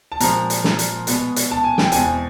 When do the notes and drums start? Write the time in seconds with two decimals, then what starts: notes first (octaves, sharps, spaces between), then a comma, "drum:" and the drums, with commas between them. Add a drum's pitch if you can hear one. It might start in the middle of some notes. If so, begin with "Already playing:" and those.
0.12 A5
0.20 A#2 F3 G#3 C4 A#5, drum: hi-hat
0.50 drum: hi-hat
0.64 drum: snare
0.79 drum: hi-hat
1.07 B2 G#3 B3, drum: hi-hat
1.36 drum: hi-hat
1.51 A5
1.64 G#5
1.78 G5, drum: snare
1.92 E2 B2 G#3 C4 G#5, drum: hi-hat